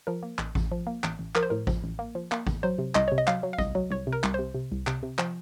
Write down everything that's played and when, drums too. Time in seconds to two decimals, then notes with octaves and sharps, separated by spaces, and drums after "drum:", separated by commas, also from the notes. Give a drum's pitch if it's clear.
0.07 F3 A#4
0.23 A#3
0.39 A1, drum: clap
0.55 A1, drum: kick A1
0.71 F3
0.87 A#3
1.04 A1, drum: clap
1.19 A1
1.35 F3 A#4, drum: clap
1.43 C5
1.50 A2 A#4
1.67 F3, drum: kick A1
1.84 A1
1.99 A#3
2.15 F3
2.32 A#3, drum: clap
2.47 A1, drum: kick A1
2.63 F#3 C5
2.79 C3
2.95 C2 D#5, drum: clap
3.08 C3 C#5
3.18 D#5
3.27 F#3 F5, drum: clap
3.43 F#3
3.53 F5
3.58 C2 D#5, drum: kick A1
3.75 F#3
3.90 C2 C#5
4.07 C3
4.13 A#4
4.24 C2, drum: clap
4.34 C3 C5
4.54 C3
4.72 C2
4.87 C3, drum: clap
5.03 C3
5.19 F3, drum: clap